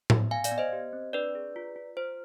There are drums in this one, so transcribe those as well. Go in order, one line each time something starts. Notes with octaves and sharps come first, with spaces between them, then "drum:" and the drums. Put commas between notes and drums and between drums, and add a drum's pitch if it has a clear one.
B3, drum: tom A2
B3 F5 G#5
D5 F5, drum: hi-hat
B3
C5 D#5
G4
C4
D4 B4 D5
G#4
F4
F4
F4 C5